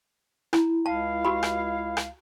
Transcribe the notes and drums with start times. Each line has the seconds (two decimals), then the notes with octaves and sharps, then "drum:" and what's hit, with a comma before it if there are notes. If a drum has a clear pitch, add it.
0.53 E4 A#5, drum: rim click
0.86 C#2 E4 F5 A5
1.25 F#4 G4 B5
1.43 drum: rim click
1.97 drum: rim click